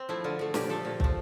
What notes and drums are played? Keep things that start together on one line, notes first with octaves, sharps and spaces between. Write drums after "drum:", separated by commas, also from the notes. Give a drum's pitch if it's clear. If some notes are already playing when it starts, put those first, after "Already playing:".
Already playing: C4
F3 A3 E4
D3 F4
F3 A3
A#2 G4, drum: snare
F3 A3 A4
A#2
F3 A3, drum: kick